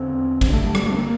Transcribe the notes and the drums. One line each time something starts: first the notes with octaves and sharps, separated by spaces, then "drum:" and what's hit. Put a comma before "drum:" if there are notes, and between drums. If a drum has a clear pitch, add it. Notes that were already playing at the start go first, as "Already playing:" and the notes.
Already playing: E2 D3 C4
G2 D3 C4, drum: kick G#1, cymbal
A3
G3
G3, drum: rim click
A3
C4
A#3